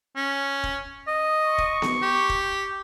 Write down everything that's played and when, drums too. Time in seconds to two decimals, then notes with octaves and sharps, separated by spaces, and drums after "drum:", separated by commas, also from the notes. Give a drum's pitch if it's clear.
0.16 C#4
0.63 drum: kick
1.08 D#5
1.41 C#6
1.58 drum: kick
1.82 drum: snare B3
2.02 G4
2.29 drum: kick